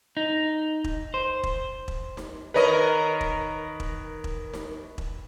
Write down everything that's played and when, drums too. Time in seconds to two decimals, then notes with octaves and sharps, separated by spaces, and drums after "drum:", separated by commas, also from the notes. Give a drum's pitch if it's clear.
0.17 D#4
0.84 drum: kick E1
1.14 C5
1.43 drum: kick E1
1.88 drum: kick E1
2.17 drum: snare D#4
2.54 D#3 A#4 B4 C#5 D#5
3.21 drum: kick E1
3.80 drum: kick E1
4.24 drum: kick E1
4.54 drum: snare D#4
4.98 drum: kick E1